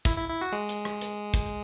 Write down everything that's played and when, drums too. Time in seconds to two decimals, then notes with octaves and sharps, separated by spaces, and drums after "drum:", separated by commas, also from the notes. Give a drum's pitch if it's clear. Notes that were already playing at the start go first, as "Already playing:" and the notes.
0.05 E4, drum: kick, hi-hat
0.17 E4
0.29 E4
0.41 F#4
0.52 G#3
0.69 drum: hi-hat
0.85 drum: rim click
1.01 drum: hi-hat
1.34 drum: kick, hi-hat